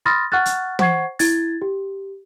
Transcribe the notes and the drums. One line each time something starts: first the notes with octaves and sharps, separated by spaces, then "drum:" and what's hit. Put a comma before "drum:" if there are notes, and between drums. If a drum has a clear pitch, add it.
B5 C6 D#6 F6 A6 A#6
F#5 C#6 F6 F#6 A6
drum: hi-hat
C5 F#5 C#6 G#6 C7, drum: tom
E4 G#6 A6, drum: open hi-hat
G4